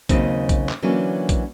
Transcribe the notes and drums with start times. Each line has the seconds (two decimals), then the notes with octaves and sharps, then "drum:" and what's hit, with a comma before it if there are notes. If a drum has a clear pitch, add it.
0.09 D#2 C#3 F#3 C4 D#4, drum: kick A#1, hi-hat
0.49 drum: kick A#1, hi-hat
0.69 drum: clap
0.82 D3 E3 F#3 A#3 C#4
1.29 drum: kick A#1, hi-hat